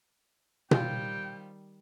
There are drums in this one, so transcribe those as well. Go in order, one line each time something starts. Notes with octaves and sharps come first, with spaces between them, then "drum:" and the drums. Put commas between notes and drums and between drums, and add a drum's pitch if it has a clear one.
D#3 G3 C4 F4 G5, drum: tom B2